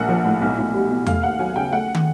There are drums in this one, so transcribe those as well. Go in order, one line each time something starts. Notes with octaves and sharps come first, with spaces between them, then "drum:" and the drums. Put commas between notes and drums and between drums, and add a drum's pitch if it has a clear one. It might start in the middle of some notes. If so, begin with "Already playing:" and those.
Already playing: A#1 A#3 F#5
F3
A2
B1
B1
G3
B2
A3 F5, drum: tom E2
D#2 F#5
F#3 G#5
C#3 G5
A3 F#5
drum: tom